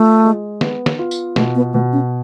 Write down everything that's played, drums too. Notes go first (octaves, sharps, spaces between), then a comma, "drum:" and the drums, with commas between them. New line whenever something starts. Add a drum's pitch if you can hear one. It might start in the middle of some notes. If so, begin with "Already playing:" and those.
Already playing: A3 F4
G#3
B3, drum: snare
drum: snare
F4
drum: tambourine
B2 A3, drum: snare
B3
B2 A3
C#4